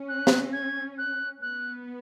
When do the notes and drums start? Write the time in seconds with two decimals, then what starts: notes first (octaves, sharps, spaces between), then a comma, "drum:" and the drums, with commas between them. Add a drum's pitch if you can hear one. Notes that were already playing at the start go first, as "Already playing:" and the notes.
Already playing: C#4
0.09 F#6
0.27 drum: snare
0.53 G#6
0.98 F#6
1.42 B3 F#6